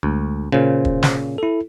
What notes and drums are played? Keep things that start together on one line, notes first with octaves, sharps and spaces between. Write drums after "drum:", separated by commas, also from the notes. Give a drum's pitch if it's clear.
D2 G#3
A#2 C#3 C5
drum: kick
drum: snare
E4 A4